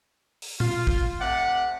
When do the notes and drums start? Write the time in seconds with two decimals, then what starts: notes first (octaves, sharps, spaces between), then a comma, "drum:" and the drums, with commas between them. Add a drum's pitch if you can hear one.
0.42 drum: open hi-hat
0.60 F4, drum: tom
0.87 drum: kick
1.21 C3 A3 D5 F#5